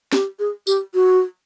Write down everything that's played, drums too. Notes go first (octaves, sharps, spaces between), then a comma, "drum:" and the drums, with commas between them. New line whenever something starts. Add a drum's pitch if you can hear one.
G4, drum: snare
G#4
G4, drum: tambourine
F#4